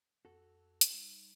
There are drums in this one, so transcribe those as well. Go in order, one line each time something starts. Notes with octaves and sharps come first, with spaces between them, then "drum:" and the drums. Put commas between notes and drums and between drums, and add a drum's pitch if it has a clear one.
F2 F#4 A4
drum: hi-hat
G3 D#4